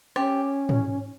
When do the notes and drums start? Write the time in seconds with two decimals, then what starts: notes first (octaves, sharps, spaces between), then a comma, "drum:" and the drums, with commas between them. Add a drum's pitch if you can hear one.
0.16 C#4 G4, drum: rim click
0.69 drum: tom